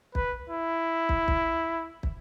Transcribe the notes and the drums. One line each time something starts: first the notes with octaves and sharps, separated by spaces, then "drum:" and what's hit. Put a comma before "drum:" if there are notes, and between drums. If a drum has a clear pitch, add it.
B4, drum: kick
E4
drum: kick
drum: kick
drum: kick